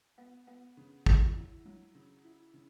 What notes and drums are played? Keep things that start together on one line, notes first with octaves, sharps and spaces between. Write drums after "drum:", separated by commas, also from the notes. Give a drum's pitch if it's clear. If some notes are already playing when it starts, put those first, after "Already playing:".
B3
B3
C#3
F#3, drum: kick
E4
F#3
C#3
E4
C#3